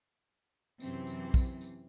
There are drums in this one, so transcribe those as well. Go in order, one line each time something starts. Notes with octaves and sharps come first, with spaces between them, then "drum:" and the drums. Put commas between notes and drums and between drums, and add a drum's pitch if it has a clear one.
F#2 C3 E3 C4, drum: tambourine
drum: tambourine
drum: kick, tambourine
drum: tambourine